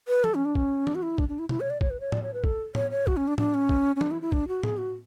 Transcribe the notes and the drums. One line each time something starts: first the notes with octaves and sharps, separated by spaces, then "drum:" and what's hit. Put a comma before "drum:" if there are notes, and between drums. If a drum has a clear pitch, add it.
B4
A4, drum: tom
C#4
D4
C#4, drum: kick
D4, drum: tom
F#4
E4
D4, drum: kick
D4
E4
E4, drum: tom B2
C#5
D5
C#5, drum: kick
B4
C#5
D5, drum: tom A2
C#5
B4
A4, drum: kick
C#5, drum: tom A2
C#5
F#4, drum: kick
C#4
D4
D4, drum: tom A2
C#4
drum: kick
C#4
D4, drum: tom
E4
E4
D4, drum: kick
F#4
G#4, drum: tom A2
F#4